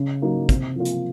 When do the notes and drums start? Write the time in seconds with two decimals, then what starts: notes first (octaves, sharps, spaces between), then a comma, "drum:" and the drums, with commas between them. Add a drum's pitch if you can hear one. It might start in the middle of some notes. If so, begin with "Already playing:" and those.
Already playing: C#3
0.22 F#3 A#3 D#4
0.49 C3, drum: kick, hi-hat
0.76 F3 A#3 F4
0.85 drum: hi-hat